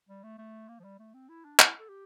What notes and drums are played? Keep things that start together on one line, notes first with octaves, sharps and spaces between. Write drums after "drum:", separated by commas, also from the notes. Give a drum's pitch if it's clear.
G3
A3
A3
A#3
F3
G3
A3
C4
E4
D4
E4, drum: clap
A4
G4